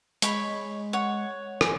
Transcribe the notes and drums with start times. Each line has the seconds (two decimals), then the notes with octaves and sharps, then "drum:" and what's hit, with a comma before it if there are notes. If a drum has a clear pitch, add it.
0.22 G#3 C#5 B5, drum: hi-hat
0.93 C#5 F#5
1.61 G#5, drum: rim click